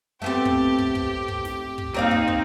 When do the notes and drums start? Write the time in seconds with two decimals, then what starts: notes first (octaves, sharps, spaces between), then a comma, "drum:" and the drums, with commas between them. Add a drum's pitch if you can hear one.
0.22 A3 B3 C4 G4
0.45 drum: kick
0.78 drum: kick
0.95 drum: kick
1.28 drum: kick
1.45 drum: snare
1.78 drum: kick
1.94 A#3 C4 D#4 A#4 D5 F5
2.11 drum: kick
2.28 drum: kick